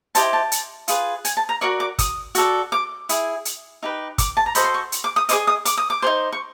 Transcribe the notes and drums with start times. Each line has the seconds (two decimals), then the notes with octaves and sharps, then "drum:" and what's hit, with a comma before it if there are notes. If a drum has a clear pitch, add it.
0.15 E4 G4 C5 D#5 A5, drum: hi-hat
0.33 A5
0.52 drum: hi-hat
0.88 F4 G#4 B4, drum: hi-hat
1.25 G#5, drum: hi-hat
1.37 A5
1.49 A#5
1.61 F#4 A#4 D5 C#6
1.80 D6
1.99 D#6, drum: kick, hi-hat
2.35 F#4 A4 D5, drum: hi-hat
2.72 D6
3.09 E4 G#4, drum: hi-hat
3.45 drum: hi-hat
3.83 D#4 G4 B4
4.18 D6, drum: kick, hi-hat
4.37 A5
4.46 A#5
4.55 F#4 A4 C5 D#5 B5, drum: hi-hat
4.64 C6
4.74 C#6
4.92 drum: hi-hat
5.04 D6
5.16 D#6
5.29 G#4 C5 D#5 D6, drum: hi-hat
5.47 D#6
5.65 D6, drum: hi-hat
5.77 D#6
5.90 D6
6.02 D#4 G#4 C5
6.32 C#6